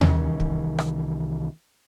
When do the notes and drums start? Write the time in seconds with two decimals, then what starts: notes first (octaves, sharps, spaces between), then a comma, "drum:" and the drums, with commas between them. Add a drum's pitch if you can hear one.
0.01 C2 D#3 E3 C#4, drum: tom D#2
0.40 drum: kick
0.78 drum: rim click